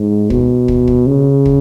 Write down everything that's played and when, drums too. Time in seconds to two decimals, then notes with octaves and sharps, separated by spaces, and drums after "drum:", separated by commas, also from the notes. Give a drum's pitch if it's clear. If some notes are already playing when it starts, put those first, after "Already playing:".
Already playing: G#2
0.30 B2, drum: kick
0.68 drum: kick
0.88 drum: kick
1.07 C#3
1.45 drum: kick